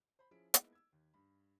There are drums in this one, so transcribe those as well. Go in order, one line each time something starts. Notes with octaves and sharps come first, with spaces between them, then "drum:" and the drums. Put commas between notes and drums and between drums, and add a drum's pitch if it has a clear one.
C5 B5
F3 C#4 E4 G#4 B6 D7
G#3 A#3 B3 D#4 E4, drum: hi-hat
E6 G#6
D#2
G2 B5